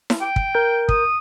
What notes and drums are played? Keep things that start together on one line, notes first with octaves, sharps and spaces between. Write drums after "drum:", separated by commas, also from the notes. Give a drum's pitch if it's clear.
drum: snare E4
G5
drum: kick
A#4 G6
D#6, drum: kick